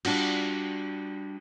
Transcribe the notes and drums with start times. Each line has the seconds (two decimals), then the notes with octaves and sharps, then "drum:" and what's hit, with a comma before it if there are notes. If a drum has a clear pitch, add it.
0.05 G3 D4 F4 F#4, drum: cymbal